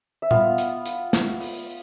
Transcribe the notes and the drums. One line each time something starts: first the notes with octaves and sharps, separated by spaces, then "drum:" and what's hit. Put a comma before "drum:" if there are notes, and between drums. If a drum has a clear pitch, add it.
E5
B3 F4 F5, drum: tom A#2
drum: hi-hat
drum: hi-hat
drum: snare
drum: open hi-hat